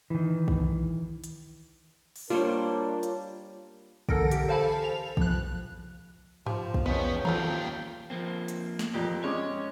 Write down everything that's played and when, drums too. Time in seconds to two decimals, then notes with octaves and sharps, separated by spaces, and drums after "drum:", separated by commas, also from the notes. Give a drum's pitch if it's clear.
0.10 D#3 E3
0.48 drum: kick
1.24 drum: hi-hat
2.16 drum: open hi-hat
2.30 G3 A#3 D4 F4 A#4 C5 C#5
3.03 drum: hi-hat
4.09 D3 E3 A4 A#4 A#6 D7, drum: kick
4.31 G4, drum: hi-hat
4.48 A4 C5 F5 G#5 A5 B5
4.84 F7
5.17 F3 F#6, drum: kick
6.46 F3 G4, drum: tom G2
6.74 drum: kick
6.86 E2 B3 C#4 D#5 G5
7.25 D#2 F#3 C4 F4 A4 G5 A#5, drum: tom D#3
8.10 F3 A#3 C4
8.48 drum: hi-hat
8.79 drum: snare
8.94 F2 A#2 G4
9.24 G#3 C#4 C#5 D6